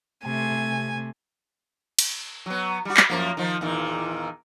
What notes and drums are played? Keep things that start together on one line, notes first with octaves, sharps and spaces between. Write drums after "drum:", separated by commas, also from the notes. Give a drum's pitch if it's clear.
C3 A3 G#5
C3
drum: cymbal
F#3 B3
G3 F#4
drum: clap
F#2 F3 A#3
D#3 F3
E2 A#2 D#3